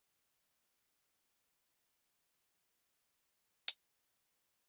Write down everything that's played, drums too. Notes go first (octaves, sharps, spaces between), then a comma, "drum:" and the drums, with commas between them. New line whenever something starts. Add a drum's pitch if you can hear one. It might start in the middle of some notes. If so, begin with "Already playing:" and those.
Already playing: D3
G#3
F3
D3
G#3
D#3
F4
D#3
G#3
D#3
D#3
D#3
C4, drum: hi-hat
D#3
D#3